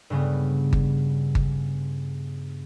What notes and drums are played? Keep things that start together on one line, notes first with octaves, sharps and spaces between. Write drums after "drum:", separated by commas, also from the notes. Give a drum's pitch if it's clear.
G2 C#3 B3
drum: kick G1
drum: kick G1